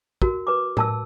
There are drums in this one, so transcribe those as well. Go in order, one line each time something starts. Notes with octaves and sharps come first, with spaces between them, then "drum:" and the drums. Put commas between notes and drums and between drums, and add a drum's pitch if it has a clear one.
F#4 A#4, drum: kick
B4 D6
A#4 A5 E6, drum: tom A2